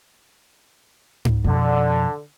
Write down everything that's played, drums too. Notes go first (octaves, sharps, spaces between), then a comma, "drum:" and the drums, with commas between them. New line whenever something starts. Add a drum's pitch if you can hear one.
drum: tom G#2
F2 B2 D3